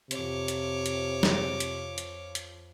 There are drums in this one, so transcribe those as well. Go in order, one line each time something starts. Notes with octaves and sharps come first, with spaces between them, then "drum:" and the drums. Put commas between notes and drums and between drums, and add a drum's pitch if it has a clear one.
F2 C3 F3 C#5 D6, drum: hi-hat
drum: hi-hat
drum: hi-hat
drum: snare
drum: hi-hat
drum: hi-hat
drum: hi-hat